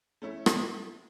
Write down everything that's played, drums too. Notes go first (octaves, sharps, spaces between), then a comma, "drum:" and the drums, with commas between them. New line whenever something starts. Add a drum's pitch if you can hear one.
A3 C#4 E4
drum: rim click